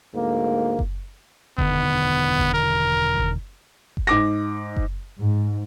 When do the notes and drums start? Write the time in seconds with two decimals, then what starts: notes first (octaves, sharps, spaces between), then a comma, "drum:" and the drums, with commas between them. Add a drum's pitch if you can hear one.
0.15 D2 G#2 A#3
0.79 drum: kick F#1
1.58 E1 D3 D#3 B3, drum: kick F#1
2.38 drum: kick F#1
2.54 A#4
3.17 drum: kick F#1
3.97 drum: kick F#1
4.07 G#2 D6 A#6
4.76 drum: kick F#1
5.20 G#2